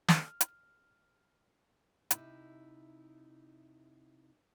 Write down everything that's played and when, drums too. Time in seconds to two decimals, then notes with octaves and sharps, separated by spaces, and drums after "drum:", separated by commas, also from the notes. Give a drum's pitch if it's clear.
0.08 F6, drum: snare
0.41 drum: hi-hat
2.11 C3 D#4 E4, drum: hi-hat